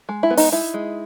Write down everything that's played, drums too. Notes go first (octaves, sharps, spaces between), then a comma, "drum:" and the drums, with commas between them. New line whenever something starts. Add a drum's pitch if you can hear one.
G#3
E4
B3
D#4, drum: open hi-hat
D#4 E4
G#3